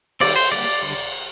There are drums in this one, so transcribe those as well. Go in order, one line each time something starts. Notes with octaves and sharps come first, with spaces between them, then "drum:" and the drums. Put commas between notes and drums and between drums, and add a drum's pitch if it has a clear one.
D#3 G3 C4 D5, drum: cymbal
C5
D3 G3 A#3 D5
D3 G3